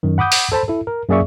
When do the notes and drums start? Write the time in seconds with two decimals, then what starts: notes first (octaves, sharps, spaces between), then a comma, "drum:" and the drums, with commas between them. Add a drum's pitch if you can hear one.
0.03 F#2 D#3
0.18 F#5 B5 D6 D#6 G6
0.32 drum: open hi-hat
0.52 A4 C5 A5 B5
0.68 E4 A4
0.87 A#4
1.09 F#2 A#3 G#4 D5 E5 C#6